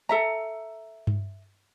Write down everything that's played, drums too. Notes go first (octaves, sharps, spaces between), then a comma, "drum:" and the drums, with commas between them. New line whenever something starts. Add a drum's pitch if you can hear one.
A4 E5 A#5
drum: tom G2